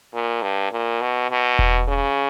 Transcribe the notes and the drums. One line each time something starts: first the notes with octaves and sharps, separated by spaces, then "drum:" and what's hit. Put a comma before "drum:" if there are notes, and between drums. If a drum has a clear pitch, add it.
A#2
G2
A#2
B2
B2
drum: kick E1
C#3